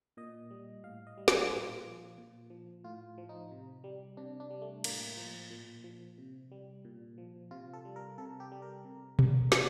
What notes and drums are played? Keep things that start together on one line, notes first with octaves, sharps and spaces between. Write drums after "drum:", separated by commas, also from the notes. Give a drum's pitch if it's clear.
A#2 D#5
G3
A2 F5
D#5
G3
G4, drum: snare
A#2 F4
F3
A#2
F3
A2 F4
F3
D#4
C3
G3
C3 D4
D4
G3
A3
A2 A#3, drum: cymbal
F3
A#2
F3
C3
G3
A#2
F3
C3 F4
A4
G3
A#4
C3 A4
G4
G3
A#4
C3
G3, drum: tom B2
A#2 C5, drum: snare